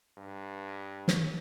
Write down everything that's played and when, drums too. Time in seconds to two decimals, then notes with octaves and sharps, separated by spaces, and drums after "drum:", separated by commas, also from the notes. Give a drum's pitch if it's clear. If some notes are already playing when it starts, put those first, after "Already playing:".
0.18 G2
1.08 drum: snare